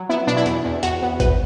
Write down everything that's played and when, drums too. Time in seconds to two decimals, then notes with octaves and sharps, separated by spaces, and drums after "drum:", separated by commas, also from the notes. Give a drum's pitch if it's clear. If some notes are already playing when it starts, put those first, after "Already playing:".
Already playing: F#3
0.09 B3 E4
0.27 B2 D4
0.36 E4
0.46 E2, drum: hi-hat
0.65 E2
0.83 E2 F#4, drum: hi-hat
1.02 B3
1.20 E2 B4, drum: kick G#1, hi-hat